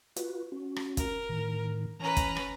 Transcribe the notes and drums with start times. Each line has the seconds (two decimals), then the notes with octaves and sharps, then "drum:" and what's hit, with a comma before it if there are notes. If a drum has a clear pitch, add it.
0.16 F4 F#4 B4, drum: hi-hat
0.52 C#4 F#4
0.76 drum: rim click
0.97 A#4, drum: kick, hi-hat
1.29 A2 D#3
2.00 E3 C#4 B4 A#5
2.17 drum: kick, hi-hat
2.37 drum: rim click